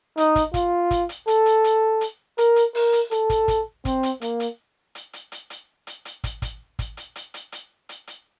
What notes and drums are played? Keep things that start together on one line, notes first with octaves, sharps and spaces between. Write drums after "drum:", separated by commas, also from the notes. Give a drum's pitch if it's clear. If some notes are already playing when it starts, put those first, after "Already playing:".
D#4, drum: hi-hat
drum: kick, hi-hat
F4, drum: kick, hi-hat
drum: kick, hi-hat
drum: hi-hat
A4, drum: hi-hat
drum: hi-hat
drum: hi-hat
drum: hi-hat
A#4, drum: hi-hat
drum: hi-hat
A#4, drum: open hi-hat
drum: hi-hat
A4, drum: hi-hat
drum: kick, hi-hat
drum: kick, hi-hat
C4, drum: kick, hi-hat
drum: hi-hat
A#3, drum: hi-hat
drum: hi-hat
drum: hi-hat
drum: hi-hat
drum: hi-hat
drum: hi-hat
drum: hi-hat
drum: hi-hat
drum: kick, hi-hat
drum: kick, hi-hat
drum: kick, hi-hat
drum: hi-hat
drum: hi-hat
drum: hi-hat
drum: hi-hat
drum: hi-hat
drum: hi-hat